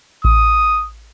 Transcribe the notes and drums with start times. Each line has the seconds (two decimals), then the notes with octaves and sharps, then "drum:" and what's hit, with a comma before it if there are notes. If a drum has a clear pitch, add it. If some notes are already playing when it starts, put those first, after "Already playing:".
0.24 D#6, drum: kick A1